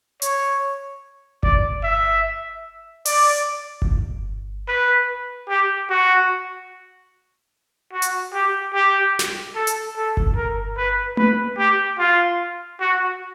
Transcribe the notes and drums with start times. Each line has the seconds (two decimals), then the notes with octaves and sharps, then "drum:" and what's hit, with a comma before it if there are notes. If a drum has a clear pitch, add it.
0.22 C#5, drum: hi-hat
1.43 D5, drum: kick G1
1.83 E5
3.05 D5, drum: open hi-hat
3.82 drum: kick G1
4.67 B4
5.49 G4
5.90 F#4
7.93 F#4
8.02 drum: hi-hat
8.33 G4
8.74 G4
9.19 drum: snare
9.55 A4
9.67 drum: hi-hat
9.96 A4
10.17 drum: kick G1
10.36 A#4
10.77 B4
11.17 B4, drum: tom A3
11.58 G4
11.99 F4
12.80 F#4